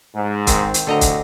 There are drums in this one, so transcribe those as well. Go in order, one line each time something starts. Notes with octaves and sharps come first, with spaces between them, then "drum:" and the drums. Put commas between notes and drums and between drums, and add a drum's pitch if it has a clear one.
G#2
D#3 C4, drum: kick, hi-hat
drum: hi-hat
D2 A2 D3 D#5 A#5
drum: kick, hi-hat